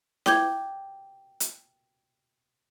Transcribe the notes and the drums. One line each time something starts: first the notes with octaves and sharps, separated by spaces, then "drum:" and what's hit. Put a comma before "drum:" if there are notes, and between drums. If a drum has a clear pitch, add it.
G5 D6 G6 G#6, drum: snare E4
drum: hi-hat